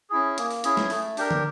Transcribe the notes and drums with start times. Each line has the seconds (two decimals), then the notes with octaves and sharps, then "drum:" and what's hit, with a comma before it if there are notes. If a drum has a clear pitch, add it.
0.10 C#4 E4 G#4
0.38 A#3, drum: hi-hat
0.51 drum: open hi-hat
0.64 C#4 E4 G#4, drum: hi-hat
0.77 drum: snare
0.90 A3, drum: open hi-hat
1.17 D4 G4 A#4, drum: open hi-hat
1.31 drum: tom